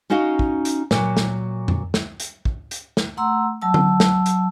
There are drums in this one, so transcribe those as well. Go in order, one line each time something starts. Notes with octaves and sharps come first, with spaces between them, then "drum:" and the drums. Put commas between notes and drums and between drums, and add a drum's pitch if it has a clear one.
C#4 D#4 F#4 D#5 F5
drum: kick
drum: hi-hat
A#2 F#3, drum: snare
drum: snare
drum: tom F2
drum: snare
drum: hi-hat
drum: kick
drum: hi-hat
drum: snare
A3 F#5 A#5 C6 E6
F#3 A5 E6
drum: tom D3
drum: snare
drum: hi-hat